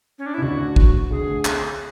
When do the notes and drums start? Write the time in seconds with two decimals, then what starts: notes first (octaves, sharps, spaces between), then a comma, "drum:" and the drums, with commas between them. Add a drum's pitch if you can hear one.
0.18 C#4
0.26 D4
0.34 E4
0.38 C#3
0.42 D2 D3 F#4
0.76 drum: kick
1.10 D2 D3 G#4
1.45 drum: clap